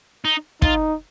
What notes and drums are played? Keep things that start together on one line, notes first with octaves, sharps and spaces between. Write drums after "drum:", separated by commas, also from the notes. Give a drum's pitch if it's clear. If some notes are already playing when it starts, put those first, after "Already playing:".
D#4
D#4 F4, drum: kick